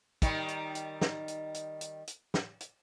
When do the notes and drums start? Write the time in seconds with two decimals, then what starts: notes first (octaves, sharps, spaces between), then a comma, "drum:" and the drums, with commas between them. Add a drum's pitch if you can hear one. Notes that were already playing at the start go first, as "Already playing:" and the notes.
0.22 D#3 G3, drum: kick, hi-hat
0.48 drum: hi-hat
0.75 drum: hi-hat
1.01 drum: snare
1.28 drum: hi-hat
1.54 drum: hi-hat
1.81 drum: hi-hat
2.07 drum: hi-hat
2.34 drum: snare
2.60 drum: hi-hat